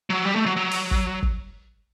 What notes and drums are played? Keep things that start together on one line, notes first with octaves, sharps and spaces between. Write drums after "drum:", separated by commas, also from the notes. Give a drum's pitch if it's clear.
F#3
G3
A3
F#3
F#3
drum: open hi-hat
drum: kick
drum: kick